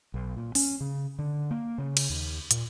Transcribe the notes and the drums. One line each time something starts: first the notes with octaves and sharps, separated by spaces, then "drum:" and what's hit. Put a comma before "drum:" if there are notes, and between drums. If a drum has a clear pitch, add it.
B1
A#2
C#4, drum: open hi-hat
C#3
D3
A#3
C#3
drum: cymbal
D#2
A#2, drum: hi-hat